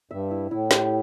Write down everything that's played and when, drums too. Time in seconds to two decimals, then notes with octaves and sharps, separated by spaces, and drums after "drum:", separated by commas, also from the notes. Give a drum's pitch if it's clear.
0.11 G2 E5
0.31 E4
0.51 A2 E4
0.71 G4, drum: snare